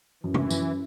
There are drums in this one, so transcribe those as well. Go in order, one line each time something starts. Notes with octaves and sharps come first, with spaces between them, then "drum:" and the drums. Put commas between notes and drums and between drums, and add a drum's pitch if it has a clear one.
F#2 E3
drum: tom C3
F#2, drum: tambourine